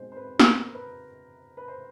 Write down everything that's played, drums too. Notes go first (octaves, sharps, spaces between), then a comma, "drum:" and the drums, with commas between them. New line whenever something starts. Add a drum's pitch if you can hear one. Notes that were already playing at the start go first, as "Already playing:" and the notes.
Already playing: B2 G#3 C4 D#4 C5
C5
B4
A#4, drum: snare
B4
B4
C5